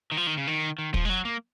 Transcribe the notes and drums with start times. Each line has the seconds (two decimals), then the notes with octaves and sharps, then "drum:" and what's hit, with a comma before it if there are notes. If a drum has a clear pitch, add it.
0.12 D#3
0.17 F3
0.27 D#3
0.37 C#3
0.47 D#3
0.78 D#3
0.94 F3, drum: kick
1.05 G#3
1.09 F#3
1.25 A#3